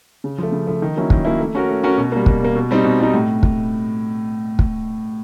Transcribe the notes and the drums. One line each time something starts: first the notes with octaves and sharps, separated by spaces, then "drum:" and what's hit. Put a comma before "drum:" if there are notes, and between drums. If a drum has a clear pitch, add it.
C#3
F3 A3
C#3
F3 A3
D#3
F#3 A#3 C#4 E4
D#3, drum: kick
F#3 A#3 C#4 E4
A3
C#4 F#4 A#4
A3
C#4 F#4 A#4
B2
G3 A#3
B2, drum: kick
G3 A#3
B2
G3 C4 D#4
B2
G3 C4 D#4
A2
drum: kick
drum: kick